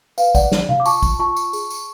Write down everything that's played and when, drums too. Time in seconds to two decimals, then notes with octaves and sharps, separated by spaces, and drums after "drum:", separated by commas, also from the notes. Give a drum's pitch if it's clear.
0.18 B4 F5, drum: tambourine
0.35 D5 F#5, drum: kick, tambourine
0.52 D5, drum: snare
0.69 F5, drum: tom C3
0.80 D6
0.86 F4 A5 C#6, drum: tambourine
1.03 drum: kick, tambourine
1.19 F4 A5 C#6
1.36 drum: tambourine
1.53 G#4, drum: tambourine
1.70 drum: tambourine